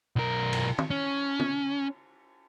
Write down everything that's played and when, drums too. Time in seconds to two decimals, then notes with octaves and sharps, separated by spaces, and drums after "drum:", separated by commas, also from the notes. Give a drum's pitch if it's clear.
0.16 B1 A#4
0.53 drum: cymbal
0.78 drum: tom
0.90 C#4
1.39 drum: tom